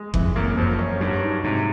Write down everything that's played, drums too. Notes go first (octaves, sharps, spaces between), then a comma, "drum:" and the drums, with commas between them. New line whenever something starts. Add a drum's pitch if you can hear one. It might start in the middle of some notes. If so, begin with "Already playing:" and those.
Already playing: G#3
F2 E3, drum: kick F#1
F#2 A#3
F#2 F3
C#4
G2 F#3
D#4
G#2 C3